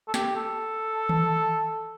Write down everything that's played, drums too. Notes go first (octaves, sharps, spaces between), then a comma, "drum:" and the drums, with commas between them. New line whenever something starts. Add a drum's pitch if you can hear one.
A4
G4, drum: snare
A4
drum: tom D#3